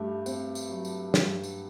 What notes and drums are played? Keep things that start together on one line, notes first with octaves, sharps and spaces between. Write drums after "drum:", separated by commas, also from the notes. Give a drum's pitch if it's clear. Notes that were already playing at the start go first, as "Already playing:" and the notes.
Already playing: G2 A3 G4
C4, drum: tambourine
drum: tambourine
F#3
drum: tambourine
G2, drum: snare
drum: tambourine